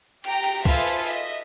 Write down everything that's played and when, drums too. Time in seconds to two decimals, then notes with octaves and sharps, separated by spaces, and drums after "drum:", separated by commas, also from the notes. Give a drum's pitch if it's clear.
0.24 G4 G5 A#5, drum: cymbal
0.44 drum: cymbal
0.65 F4 G#4 A4 B4 C5 E5, drum: kick C#2, cymbal
0.87 drum: cymbal
1.05 D#5 E5